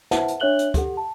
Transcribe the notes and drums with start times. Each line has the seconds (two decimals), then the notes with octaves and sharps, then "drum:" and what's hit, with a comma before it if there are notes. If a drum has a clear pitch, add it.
0.11 E4 B4 C5 E5 F#5 A5, drum: snare
0.28 drum: hi-hat
0.40 D4 C#5 E5 F#6 F#7 G7
0.59 drum: hi-hat
0.74 G4 A4 F#5, drum: kick, hi-hat
0.97 A5